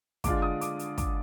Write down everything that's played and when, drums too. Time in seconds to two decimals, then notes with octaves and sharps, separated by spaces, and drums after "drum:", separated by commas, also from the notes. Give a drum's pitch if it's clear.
0.24 D3 G#3 D4 F4 D6, drum: kick, hi-hat
0.42 D#6
0.61 D6, drum: hi-hat
0.79 drum: hi-hat
0.98 D6, drum: kick, hi-hat